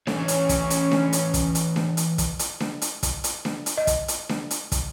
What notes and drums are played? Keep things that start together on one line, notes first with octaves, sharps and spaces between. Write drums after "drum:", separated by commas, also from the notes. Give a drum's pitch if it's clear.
E3 C#4 A4 C#5, drum: snare D4
drum: hi-hat
drum: kick, hi-hat
drum: hi-hat
drum: snare D4
drum: hi-hat
drum: kick, hi-hat
drum: hi-hat
drum: snare D4
drum: hi-hat
drum: kick, hi-hat
drum: hi-hat
drum: snare D4
drum: hi-hat
drum: kick, hi-hat
drum: hi-hat
drum: snare D4
drum: hi-hat
D#5
drum: kick, hi-hat
drum: hi-hat
drum: snare D4
drum: hi-hat
drum: kick, hi-hat